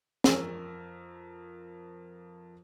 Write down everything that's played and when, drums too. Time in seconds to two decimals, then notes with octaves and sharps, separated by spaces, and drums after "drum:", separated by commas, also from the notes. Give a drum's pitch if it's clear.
0.24 F2 A#4 E6, drum: snare